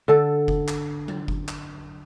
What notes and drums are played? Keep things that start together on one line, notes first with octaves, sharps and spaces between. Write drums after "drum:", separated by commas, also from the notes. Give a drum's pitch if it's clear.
D3 A4
drum: kick F#1
drum: clap
drum: tom F#3
drum: kick F#1
drum: clap